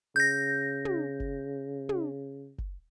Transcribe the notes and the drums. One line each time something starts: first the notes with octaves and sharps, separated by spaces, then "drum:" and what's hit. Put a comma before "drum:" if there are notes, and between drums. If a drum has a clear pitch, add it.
C#3 G6 A#6
drum: tom
drum: kick F#1
drum: tom
drum: kick F#1